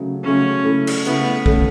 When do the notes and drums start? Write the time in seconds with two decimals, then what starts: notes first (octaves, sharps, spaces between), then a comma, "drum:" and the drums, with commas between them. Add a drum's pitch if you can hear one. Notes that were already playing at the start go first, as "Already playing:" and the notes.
Already playing: C#3 F#3 A3
0.24 C#3 F#3 A3 C#4
0.64 C#3 A3 E4 A4
0.87 drum: cymbal
1.05 C#3 A3 B3 E4 A4, drum: hi-hat
1.46 C#3 A3 C#4 A4, drum: kick